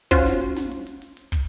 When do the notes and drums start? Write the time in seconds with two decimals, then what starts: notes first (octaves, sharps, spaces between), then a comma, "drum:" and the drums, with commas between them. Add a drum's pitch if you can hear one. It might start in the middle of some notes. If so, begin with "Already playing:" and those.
0.11 C#4 F4 F#4 C5, drum: kick, hi-hat
0.26 drum: snare
0.41 drum: hi-hat
0.56 drum: snare
0.72 drum: hi-hat
0.87 drum: hi-hat
1.02 drum: hi-hat
1.17 drum: hi-hat
1.32 drum: kick, hi-hat